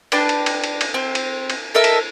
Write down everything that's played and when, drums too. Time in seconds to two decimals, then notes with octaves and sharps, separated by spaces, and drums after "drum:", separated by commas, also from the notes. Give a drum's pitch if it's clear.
0.12 D4 B4 G5 A5, drum: cymbal
0.29 drum: cymbal
0.46 drum: cymbal
0.64 drum: cymbal
0.81 drum: cymbal
0.94 C4
1.15 drum: cymbal
1.50 drum: cymbal
1.74 A4 A#4 D#5 E5
1.84 drum: cymbal